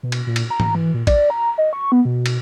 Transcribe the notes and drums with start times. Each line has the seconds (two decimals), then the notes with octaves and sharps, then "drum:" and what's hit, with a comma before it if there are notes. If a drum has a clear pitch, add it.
0.03 B2
0.12 drum: cymbal
0.27 A#2
0.36 drum: cymbal
0.50 A#5
0.60 drum: tom G#2
0.75 E3
0.94 A#2
1.07 D5, drum: kick A1, cymbal
1.30 A#5
1.58 D#5
1.73 C#6
1.92 B3
2.05 B2
2.26 drum: cymbal